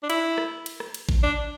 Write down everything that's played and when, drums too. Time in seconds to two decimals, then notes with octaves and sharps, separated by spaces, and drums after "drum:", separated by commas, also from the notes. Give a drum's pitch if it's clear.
0.03 D4
0.10 E4, drum: cymbal
0.38 drum: rim click
0.66 drum: cymbal
0.80 drum: rim click
0.94 drum: cymbal
1.09 drum: kick
1.23 D4